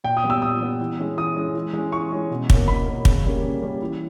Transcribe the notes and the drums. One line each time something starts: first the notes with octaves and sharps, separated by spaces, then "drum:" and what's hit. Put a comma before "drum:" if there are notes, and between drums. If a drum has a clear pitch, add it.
A#2 G5
D#6
G3 B3
E6
A#2 D#6
G3 B3
E3
G#3 C#4
E3 D#6
G#3 C#4
E3
G#3 C#4
E3 C#6
G#3 C#4
B2
A#3 C#4, drum: kick
B2 B5
A#3 C#4
C#3, drum: kick
G3 A#3 C#4
C#3
G3 A#3 C#4
E3